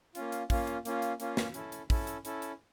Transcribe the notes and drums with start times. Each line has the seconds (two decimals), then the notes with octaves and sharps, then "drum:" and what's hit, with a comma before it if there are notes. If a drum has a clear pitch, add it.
0.15 A#3 C#4 F4, drum: hi-hat
0.32 drum: hi-hat
0.50 A#3 C#4 F4, drum: kick, open hi-hat
0.67 drum: hi-hat
0.85 A#3 C#4 F4, drum: hi-hat
1.02 drum: hi-hat
1.20 A#3 C#4 F4, drum: hi-hat
1.37 drum: snare
1.54 C#4 E4 A4, drum: hi-hat
1.72 drum: hi-hat
1.90 C#4 E4 A4, drum: kick, open hi-hat
2.07 drum: hi-hat
2.25 C#4 E4 A4, drum: hi-hat
2.42 drum: hi-hat